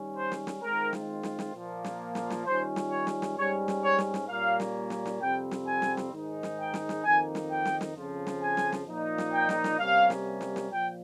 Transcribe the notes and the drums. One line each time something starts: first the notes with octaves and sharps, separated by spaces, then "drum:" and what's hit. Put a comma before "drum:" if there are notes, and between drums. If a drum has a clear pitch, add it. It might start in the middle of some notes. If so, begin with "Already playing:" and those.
Already playing: D#3 G3 C#4
C5
drum: snare
drum: snare
D#3 G#3 C4 F4 A#4
drum: snare
drum: snare
drum: snare
A#2 F3 A#3
drum: snare
drum: snare
drum: snare
D#3 G3 C#4 F4 C5
drum: snare
C#5
drum: snare
drum: snare
G#2 G3 C#4 C#5
drum: snare
C#5
drum: snare
drum: snare
A#2 G3 A#3 C#4 F5
drum: snare
drum: snare
drum: snare
F2 C3 G3 C4 G5
drum: snare
G#5
drum: snare
drum: snare
G#2 D#3 G#3 D#4
drum: snare
G5
drum: snare
drum: snare
F2 D#3 A#3 D#4 G#5
drum: snare
G5
drum: snare
drum: snare
F2 C#3 F3
drum: snare
G#5
drum: snare
drum: snare
A#2 F3 A#3 D#4
drum: snare
G5
drum: snare
drum: snare
C3 G3 A#3 C#4 F5
drum: snare
drum: snare
drum: snare
A#2 F3 G5